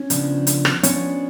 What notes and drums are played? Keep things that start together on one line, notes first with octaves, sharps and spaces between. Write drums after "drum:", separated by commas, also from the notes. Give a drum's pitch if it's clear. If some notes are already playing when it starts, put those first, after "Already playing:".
Already playing: C#4
C#3 F3 B3 D4, drum: hi-hat
drum: hi-hat
drum: rim click
F3 B3 C#4 D4 C#5, drum: hi-hat